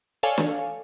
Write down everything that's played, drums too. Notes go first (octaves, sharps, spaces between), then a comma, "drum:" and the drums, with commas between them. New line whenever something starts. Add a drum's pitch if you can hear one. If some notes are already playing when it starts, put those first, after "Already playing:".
A4 C#5 D5 F5 G#5
drum: snare